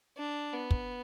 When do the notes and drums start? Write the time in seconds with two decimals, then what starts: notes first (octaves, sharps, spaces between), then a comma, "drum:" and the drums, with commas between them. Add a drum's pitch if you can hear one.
0.17 D4
0.53 B3
0.71 drum: kick